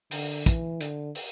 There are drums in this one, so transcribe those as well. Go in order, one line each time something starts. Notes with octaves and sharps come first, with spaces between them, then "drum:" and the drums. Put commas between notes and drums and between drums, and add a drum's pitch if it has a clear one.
D3, drum: open hi-hat
E3, drum: kick, hi-hat
D3, drum: hi-hat
drum: open hi-hat